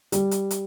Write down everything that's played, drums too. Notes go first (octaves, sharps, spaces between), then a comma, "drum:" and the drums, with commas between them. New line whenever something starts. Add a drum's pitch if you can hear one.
G3, drum: hi-hat
drum: hi-hat
drum: hi-hat